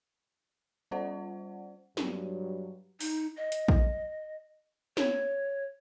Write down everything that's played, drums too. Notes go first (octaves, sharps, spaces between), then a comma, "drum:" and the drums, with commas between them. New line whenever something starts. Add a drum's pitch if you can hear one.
G3 C#4 F4 C5 D5 F#5
G2 F#3, drum: snare
D#4, drum: open hi-hat
D#5
drum: hi-hat
drum: kick A#1
C#5, drum: snare